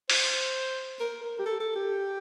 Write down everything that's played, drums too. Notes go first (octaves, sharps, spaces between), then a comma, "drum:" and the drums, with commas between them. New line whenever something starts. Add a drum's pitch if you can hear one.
C5, drum: open hi-hat
A#4
A#4
G4
A4
A4
G4